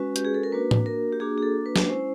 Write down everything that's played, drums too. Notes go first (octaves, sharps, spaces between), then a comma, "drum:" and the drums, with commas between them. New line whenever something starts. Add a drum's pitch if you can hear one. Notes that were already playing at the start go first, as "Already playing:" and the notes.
Already playing: G#3 C#4 F#4 B4
G4, drum: hi-hat
G#4
A4
A#4
A#3 D4 F#4 B4
drum: tom A2
A#4
G4
A#3 D4 F#4 G#4
G#4
A4
B4
drum: snare
G#3 C#4 E4 C5